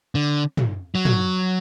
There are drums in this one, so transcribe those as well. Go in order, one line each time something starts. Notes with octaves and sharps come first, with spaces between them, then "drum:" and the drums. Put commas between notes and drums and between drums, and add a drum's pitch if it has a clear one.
D3
drum: tom
F#3
drum: tom